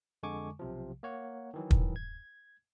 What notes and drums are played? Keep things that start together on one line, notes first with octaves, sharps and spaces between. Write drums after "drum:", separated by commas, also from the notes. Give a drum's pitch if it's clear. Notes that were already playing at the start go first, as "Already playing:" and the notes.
F2 D3 G#3 G#5 C#6 D6
B1 C3 F3
A#3 C#5 F#5
D#3 E3 F#3
drum: kick
G#6